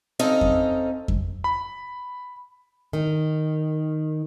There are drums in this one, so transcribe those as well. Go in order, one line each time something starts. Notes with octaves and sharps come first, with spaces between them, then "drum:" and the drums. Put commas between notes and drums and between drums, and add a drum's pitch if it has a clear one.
C4 C#4 D#4 A4 D#5 F5
drum: kick F2
drum: kick F2
B5
D#3